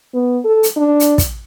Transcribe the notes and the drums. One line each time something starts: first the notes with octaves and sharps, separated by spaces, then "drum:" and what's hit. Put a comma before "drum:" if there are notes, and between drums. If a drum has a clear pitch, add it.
B3
A4
drum: hi-hat
D4
drum: hi-hat
drum: kick, hi-hat